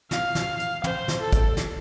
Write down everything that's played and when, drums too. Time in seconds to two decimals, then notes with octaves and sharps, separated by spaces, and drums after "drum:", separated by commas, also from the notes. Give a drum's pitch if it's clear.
0.11 F5, drum: snare
0.35 drum: snare
0.59 drum: hi-hat
0.84 C5, drum: tom
1.08 drum: snare
1.21 A4
1.33 drum: kick, hi-hat
1.57 drum: snare